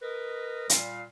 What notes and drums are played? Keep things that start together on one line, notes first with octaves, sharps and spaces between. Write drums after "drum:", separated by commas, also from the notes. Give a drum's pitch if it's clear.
A#4 B4 D#5
A#2 G3 F5, drum: hi-hat